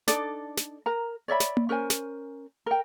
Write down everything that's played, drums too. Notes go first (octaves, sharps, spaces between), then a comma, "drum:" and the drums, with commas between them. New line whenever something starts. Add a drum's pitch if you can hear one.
D4 D#4 A4 D5, drum: snare
drum: snare
A#4 A#5
C#5 D5 E5 B5
drum: snare
drum: tom A#3
C#4 A#4 C5 G#5
drum: snare
A#4 G5